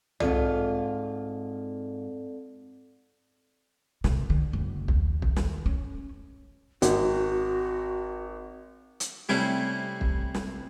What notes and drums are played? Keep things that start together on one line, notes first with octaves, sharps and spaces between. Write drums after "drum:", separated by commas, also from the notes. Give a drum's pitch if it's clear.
G#2 C4 F4 A4 D5, drum: tom
C3, drum: snare
D3
F#1
D#2, drum: kick
drum: kick
drum: snare
C#4
G#1 F#4, drum: hi-hat
drum: hi-hat
C3 G3 A3 C#4 E4, drum: snare
drum: kick
drum: snare